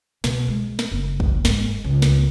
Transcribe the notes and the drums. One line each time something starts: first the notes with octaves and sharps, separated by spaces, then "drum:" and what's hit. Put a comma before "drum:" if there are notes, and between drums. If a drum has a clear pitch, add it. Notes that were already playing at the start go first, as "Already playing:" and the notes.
B2, drum: snare
G#3
drum: snare
F#1
drum: kick
G#2, drum: snare
C#2
drum: snare